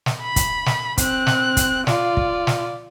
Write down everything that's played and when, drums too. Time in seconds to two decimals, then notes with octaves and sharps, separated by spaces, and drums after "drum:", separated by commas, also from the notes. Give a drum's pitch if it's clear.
0.06 drum: snare
0.22 B5
0.36 drum: kick, hi-hat
0.66 drum: snare
0.98 C4 F#6, drum: kick, hi-hat
1.27 drum: snare
1.57 drum: kick, hi-hat
1.87 F4 D5, drum: snare
2.17 drum: kick
2.47 drum: snare